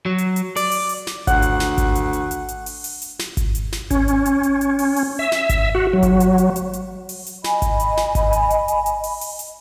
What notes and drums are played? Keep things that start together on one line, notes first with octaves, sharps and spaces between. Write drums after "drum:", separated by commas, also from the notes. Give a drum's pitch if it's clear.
F#3
drum: hi-hat
drum: hi-hat
D5, drum: open hi-hat
drum: open hi-hat
drum: hi-hat
drum: snare
D2 F#5, drum: kick G#1, hi-hat
drum: hi-hat
drum: snare
drum: kick G#1, hi-hat
drum: hi-hat
drum: hi-hat
drum: hi-hat
drum: hi-hat
drum: open hi-hat
drum: open hi-hat
drum: hi-hat
drum: snare
drum: kick G#1, hi-hat
drum: hi-hat
drum: snare
C#4, drum: kick G#1, hi-hat
drum: hi-hat
drum: hi-hat
drum: hi-hat
drum: hi-hat
drum: open hi-hat
drum: open hi-hat
E5
drum: snare
drum: kick G#1, hi-hat
F#4
F#3
drum: kick G#1, hi-hat
drum: hi-hat
drum: hi-hat
drum: hi-hat
drum: hi-hat
drum: open hi-hat
drum: hi-hat
D#5 G#5 B5, drum: snare
drum: kick G#1, hi-hat
drum: hi-hat
drum: snare
drum: kick G#1, hi-hat
drum: hi-hat
drum: hi-hat
drum: hi-hat
drum: hi-hat
drum: open hi-hat
drum: open hi-hat
drum: hi-hat